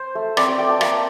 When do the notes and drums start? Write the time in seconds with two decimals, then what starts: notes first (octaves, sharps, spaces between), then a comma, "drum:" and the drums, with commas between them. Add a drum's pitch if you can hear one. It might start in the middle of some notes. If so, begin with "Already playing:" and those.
Already playing: C5
0.15 A3
0.37 C4 D5, drum: rim click
0.48 D5
0.58 A3 G5
0.70 A5
0.81 A#3 A5, drum: rim click